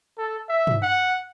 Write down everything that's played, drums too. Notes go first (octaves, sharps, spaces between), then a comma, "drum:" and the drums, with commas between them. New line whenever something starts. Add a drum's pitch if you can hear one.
A4
E5
drum: tom
F#5